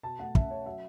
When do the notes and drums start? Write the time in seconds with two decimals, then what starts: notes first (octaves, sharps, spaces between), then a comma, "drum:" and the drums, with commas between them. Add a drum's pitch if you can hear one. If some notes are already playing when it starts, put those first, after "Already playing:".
0.03 B2 A5
0.19 A3 F#5
0.35 C#4 E5, drum: kick
0.50 C#4 C#5
0.66 F#3 E5